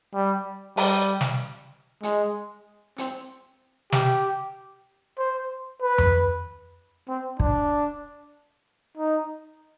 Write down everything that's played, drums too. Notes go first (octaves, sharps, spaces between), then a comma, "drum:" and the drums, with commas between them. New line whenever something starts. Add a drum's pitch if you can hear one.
G3
G3, drum: open hi-hat
drum: snare
G#3, drum: hi-hat
C4, drum: hi-hat
G4, drum: snare
C5
B4
drum: tom F2
C4
D4, drum: kick
D#4